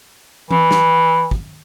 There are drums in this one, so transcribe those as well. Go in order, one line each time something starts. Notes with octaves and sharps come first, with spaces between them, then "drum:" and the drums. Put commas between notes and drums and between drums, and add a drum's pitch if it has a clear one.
E3, drum: tom E3
drum: snare
drum: kick